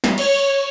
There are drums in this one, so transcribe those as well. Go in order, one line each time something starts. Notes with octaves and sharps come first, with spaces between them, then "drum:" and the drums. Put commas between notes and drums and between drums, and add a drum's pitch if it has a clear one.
drum: snare
C#5, drum: cymbal